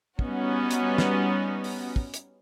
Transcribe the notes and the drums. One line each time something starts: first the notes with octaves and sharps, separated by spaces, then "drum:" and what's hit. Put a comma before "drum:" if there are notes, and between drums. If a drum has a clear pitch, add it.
G3 B3 C#4 D#4 F#4, drum: kick
drum: hi-hat
drum: snare
drum: open hi-hat
drum: kick
drum: hi-hat